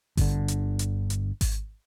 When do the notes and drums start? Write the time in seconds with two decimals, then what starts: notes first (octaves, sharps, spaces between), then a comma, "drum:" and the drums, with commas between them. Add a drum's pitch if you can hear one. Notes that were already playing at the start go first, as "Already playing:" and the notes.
0.17 G1 D3, drum: kick G#1, open hi-hat
0.48 drum: hi-hat
0.79 drum: hi-hat
1.10 drum: hi-hat
1.41 drum: kick G#1, open hi-hat